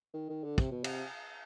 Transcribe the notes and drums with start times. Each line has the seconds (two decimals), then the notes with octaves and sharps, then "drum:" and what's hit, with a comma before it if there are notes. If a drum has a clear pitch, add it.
0.13 D#3
0.29 D#3
0.44 D3
0.58 C3, drum: kick
0.71 B2
0.84 C3, drum: cymbal